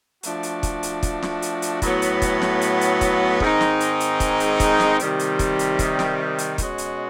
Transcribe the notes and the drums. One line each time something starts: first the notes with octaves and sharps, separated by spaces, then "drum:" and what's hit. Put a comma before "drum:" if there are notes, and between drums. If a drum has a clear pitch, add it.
F3 A3 D4 F#4, drum: hi-hat
drum: hi-hat
drum: kick, hi-hat
drum: hi-hat
drum: kick, hi-hat
drum: snare
drum: hi-hat
drum: hi-hat
A2 F#3 B3, drum: kick, hi-hat
drum: hi-hat
drum: kick, hi-hat
drum: snare
drum: hi-hat
drum: hi-hat
drum: kick, hi-hat
G#2 D#3 G#3 C4 D#4, drum: kick
drum: snare
drum: hi-hat
drum: hi-hat
drum: kick, hi-hat
drum: hi-hat
drum: kick, hi-hat
drum: snare
C3 D#3 G3, drum: hi-hat
drum: hi-hat
drum: kick, hi-hat
drum: hi-hat
drum: kick, hi-hat
drum: snare
drum: hi-hat
B2 G#3 C#4 F#4, drum: kick, hi-hat
drum: hi-hat